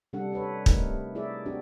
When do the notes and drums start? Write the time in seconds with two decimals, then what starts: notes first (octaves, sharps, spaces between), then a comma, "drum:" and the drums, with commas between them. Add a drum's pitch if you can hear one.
0.13 C3 G3 D4 A4 F#5
0.32 D4 A4 B4 C#5
0.66 C3 A3 D#4 A#4, drum: kick
1.15 E4 G#4 D5 E5
1.46 C4 D4 F#4 G4